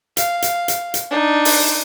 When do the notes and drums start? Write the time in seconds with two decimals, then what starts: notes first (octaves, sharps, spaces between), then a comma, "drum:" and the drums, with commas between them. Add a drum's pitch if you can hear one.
0.17 F5, drum: hi-hat
0.42 drum: hi-hat
0.68 drum: hi-hat
0.94 drum: hi-hat
1.11 D4 D#4
1.45 drum: open hi-hat